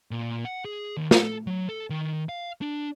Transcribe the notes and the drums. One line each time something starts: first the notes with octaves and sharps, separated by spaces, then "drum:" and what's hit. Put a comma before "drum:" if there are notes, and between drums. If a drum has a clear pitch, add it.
A#2
F#5
G#4
D#2
A4, drum: snare
F#3
A4
D#3
F5
D4